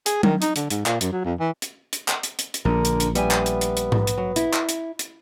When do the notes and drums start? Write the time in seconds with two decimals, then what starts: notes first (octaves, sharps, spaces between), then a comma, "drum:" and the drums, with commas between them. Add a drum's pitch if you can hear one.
0.06 G#4, drum: hi-hat
0.23 D#3, drum: tom F#3
0.42 D#4, drum: hi-hat
0.56 D3, drum: hi-hat
0.70 G#2, drum: hi-hat
0.86 A#2, drum: clap
1.01 F#2, drum: hi-hat
1.12 F#3
1.25 F2
1.40 E3
1.62 drum: hi-hat
1.93 drum: hi-hat
2.08 drum: clap
2.23 drum: hi-hat
2.39 drum: hi-hat
2.54 drum: hi-hat
2.65 A#1 D3 A#4
2.85 drum: hi-hat
3.00 drum: hi-hat
3.15 G3 B3 E5 G#5, drum: hi-hat
3.31 drum: clap
3.46 drum: hi-hat
3.61 drum: hi-hat
3.77 drum: hi-hat
3.92 drum: tom G#2
4.07 drum: hi-hat
4.18 F#3
4.36 E4, drum: hi-hat
4.53 drum: clap
4.69 drum: hi-hat
4.99 drum: hi-hat